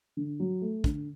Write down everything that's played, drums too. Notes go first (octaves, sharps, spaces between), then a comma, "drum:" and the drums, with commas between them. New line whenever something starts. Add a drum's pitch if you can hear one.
D3
F#3
A3
D3, drum: kick